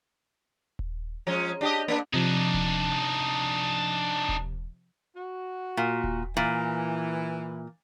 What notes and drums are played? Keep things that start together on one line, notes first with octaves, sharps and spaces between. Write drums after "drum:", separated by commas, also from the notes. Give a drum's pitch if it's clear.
drum: kick D#1
F3 G#3 C#4
D4 G4 D#5
A#3 D4
C3 F3 D4 D#4
drum: kick D#1
drum: kick D#1
F#4
A#2
drum: kick D#1
A#2 E3